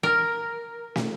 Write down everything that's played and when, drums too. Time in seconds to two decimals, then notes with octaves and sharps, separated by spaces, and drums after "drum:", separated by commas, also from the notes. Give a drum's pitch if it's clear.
0.03 A#4
0.96 drum: snare